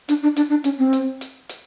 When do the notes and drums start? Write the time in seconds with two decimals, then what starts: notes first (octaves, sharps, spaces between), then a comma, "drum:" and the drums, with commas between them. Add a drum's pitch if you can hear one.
0.09 D4, drum: hi-hat
0.23 D4
0.36 D4, drum: hi-hat
0.50 D4
0.64 C#4, drum: hi-hat
0.78 C4
0.93 drum: hi-hat
1.21 drum: hi-hat
1.49 drum: hi-hat